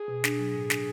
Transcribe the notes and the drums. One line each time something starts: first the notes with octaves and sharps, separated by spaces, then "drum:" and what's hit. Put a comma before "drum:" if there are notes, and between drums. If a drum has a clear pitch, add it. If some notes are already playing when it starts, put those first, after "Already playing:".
Already playing: G#4
B2
D4, drum: snare
F#3
A2
D4, drum: snare